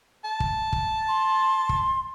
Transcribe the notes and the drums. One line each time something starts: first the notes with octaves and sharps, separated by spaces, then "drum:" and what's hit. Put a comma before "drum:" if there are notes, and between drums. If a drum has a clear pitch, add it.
A5
drum: kick
drum: kick
C6
drum: kick